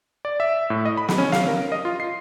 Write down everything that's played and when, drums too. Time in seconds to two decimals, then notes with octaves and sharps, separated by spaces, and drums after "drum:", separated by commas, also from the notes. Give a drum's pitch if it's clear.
0.25 D5
0.40 E5
0.70 A2
0.85 D#5
0.97 B5
1.08 drum: snare
1.18 C#4
1.32 F5, drum: snare
1.48 A#4
1.72 D#5
1.85 F4
2.00 C7